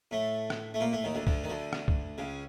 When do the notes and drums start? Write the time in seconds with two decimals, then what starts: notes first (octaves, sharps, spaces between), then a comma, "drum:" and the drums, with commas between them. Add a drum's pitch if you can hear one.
0.11 A2 A3
0.50 drum: rim click
0.74 A3
0.80 A#2 A#3
0.93 A2 A3
1.04 D#2 D#3
1.15 D2 D3
1.27 D2 D3, drum: kick
1.44 D#3
1.49 D2 D3
1.73 drum: rim click
1.88 drum: kick
2.18 C#2 C#3